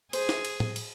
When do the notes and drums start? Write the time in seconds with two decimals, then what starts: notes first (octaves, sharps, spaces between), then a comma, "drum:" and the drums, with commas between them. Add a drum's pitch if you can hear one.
0.13 G#4 C5, drum: cymbal
0.29 drum: snare
0.45 drum: cymbal
0.60 drum: tom A2
0.76 drum: cymbal